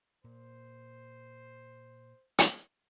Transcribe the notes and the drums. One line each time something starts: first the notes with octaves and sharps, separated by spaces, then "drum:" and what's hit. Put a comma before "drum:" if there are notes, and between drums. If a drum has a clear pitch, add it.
A#2 C5
drum: hi-hat